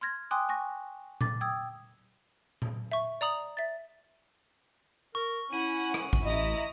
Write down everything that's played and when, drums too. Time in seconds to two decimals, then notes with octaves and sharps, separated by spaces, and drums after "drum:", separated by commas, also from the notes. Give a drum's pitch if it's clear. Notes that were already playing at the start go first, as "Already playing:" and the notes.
0.01 C6 F6 G#6 A#6
0.31 G5 G#5 C6 D6 D#6 F#6
0.49 G#5 C#6 A#6
1.21 D6 A6, drum: tom A#2
1.41 G5 D#6 E6 G#6
2.62 drum: tom A#2
2.92 E5 C#6
3.21 D5 A#5 D#6 F#7
3.57 E5 A6
5.15 A#4 C#6
5.53 C#4 E4 F#5 D#7
5.94 drum: rim click
6.13 drum: kick A#1
6.25 A1 E4 D#5 A#5 A#6